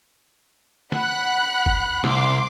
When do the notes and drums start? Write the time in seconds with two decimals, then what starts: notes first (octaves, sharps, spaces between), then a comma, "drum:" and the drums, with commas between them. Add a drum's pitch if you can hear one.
0.92 F#5 B5 F#6, drum: snare
1.66 drum: kick F#1
2.04 C2 C6 D6, drum: snare